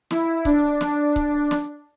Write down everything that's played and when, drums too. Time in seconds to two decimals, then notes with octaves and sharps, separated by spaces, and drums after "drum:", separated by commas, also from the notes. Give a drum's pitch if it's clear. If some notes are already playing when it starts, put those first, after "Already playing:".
0.11 E4, drum: snare
0.45 D4, drum: kick C#1
0.81 drum: snare
1.16 drum: kick C#1
1.51 drum: snare